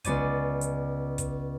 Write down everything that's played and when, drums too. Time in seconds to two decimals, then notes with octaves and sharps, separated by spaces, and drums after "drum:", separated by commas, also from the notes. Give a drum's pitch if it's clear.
0.04 C#2 B3 D5 A6 D#7, drum: kick, hi-hat
0.61 drum: hi-hat
1.18 drum: kick, hi-hat